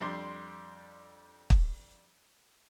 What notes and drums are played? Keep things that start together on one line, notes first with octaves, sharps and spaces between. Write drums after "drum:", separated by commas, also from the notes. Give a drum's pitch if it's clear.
F2 G3 D4 C6
drum: kick